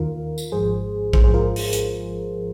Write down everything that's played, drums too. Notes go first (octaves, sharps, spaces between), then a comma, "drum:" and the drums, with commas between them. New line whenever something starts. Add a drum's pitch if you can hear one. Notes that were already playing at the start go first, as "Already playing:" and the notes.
Already playing: D#2 D#3 F4 A#4
drum: tambourine
G#1 G#2 F3 G#4 C5
G#1 G#2 F3 G#4 C5, drum: kick A#1
G#4 C5
F4 A#4
drum: open hi-hat
drum: hi-hat